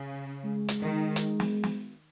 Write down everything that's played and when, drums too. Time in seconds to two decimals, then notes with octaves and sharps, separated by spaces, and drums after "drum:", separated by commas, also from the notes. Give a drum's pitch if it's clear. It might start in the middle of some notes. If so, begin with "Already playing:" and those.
Already playing: C#3
0.45 G#3
0.68 drum: hi-hat
0.80 D#3
1.16 drum: hi-hat
1.40 drum: snare
1.63 drum: snare